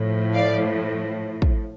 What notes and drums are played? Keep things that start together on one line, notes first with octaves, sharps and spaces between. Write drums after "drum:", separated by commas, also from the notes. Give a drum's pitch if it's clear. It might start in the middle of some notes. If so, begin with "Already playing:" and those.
Already playing: A2 F3
D5 F5
drum: kick